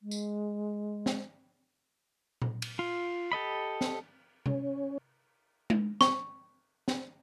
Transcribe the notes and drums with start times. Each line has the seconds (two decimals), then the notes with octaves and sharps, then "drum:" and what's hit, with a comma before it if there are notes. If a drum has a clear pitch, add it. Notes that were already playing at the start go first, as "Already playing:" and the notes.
0.02 G#3
0.11 drum: tambourine
1.06 drum: snare
2.42 drum: tom A#2
2.62 drum: cymbal
2.79 F4
3.32 G4 A4 D#5 B5
3.81 drum: snare
4.46 C#4, drum: tom C3
5.70 drum: tom G#3
6.01 C#6, drum: snare
6.88 drum: snare